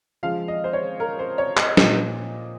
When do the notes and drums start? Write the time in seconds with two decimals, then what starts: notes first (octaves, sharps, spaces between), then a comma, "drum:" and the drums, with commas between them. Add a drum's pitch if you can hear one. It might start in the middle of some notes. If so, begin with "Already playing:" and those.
0.23 C#3 F3 G#3 F5
0.48 D#5
0.64 C5
0.73 C#5
1.00 A#4
1.19 C5
1.38 C#5
1.57 D#5, drum: clap
1.77 A#2 F3 A#3 D#5, drum: snare